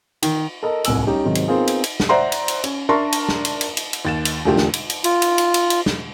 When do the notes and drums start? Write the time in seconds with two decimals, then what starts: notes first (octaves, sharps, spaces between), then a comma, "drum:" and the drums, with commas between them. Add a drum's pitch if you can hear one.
0.23 D#3, drum: cymbal
0.63 A4 A#4 D#5 A#5
0.84 D1 C2 G#5 E6 F#7, drum: cymbal
1.07 G3 C#4 D#4 G4
1.25 G#2 C3 D#3 F#3
1.35 drum: cymbal
1.48 B3 C4 D#4 F4 G#4 A#4
1.67 drum: cymbal
1.84 drum: cymbal
2.00 drum: snare
2.09 C5 D5 E5 F#5 A#5 C6
2.32 drum: cymbal
2.48 drum: cymbal
2.64 C#4, drum: cymbal
2.89 D4 A#4 E5 A5 C6 C#6
3.12 drum: cymbal
3.29 drum: snare
3.45 drum: cymbal
3.61 drum: cymbal
3.77 drum: cymbal
3.93 drum: cymbal
4.05 D#2 A6 E7
4.25 drum: cymbal
4.45 E1 D3 A3 F4 G4
4.57 drum: snare
4.74 drum: cymbal
4.90 drum: cymbal
5.04 F4, drum: cymbal
5.22 drum: cymbal
5.38 drum: cymbal
5.54 drum: cymbal
5.70 drum: cymbal
5.86 drum: snare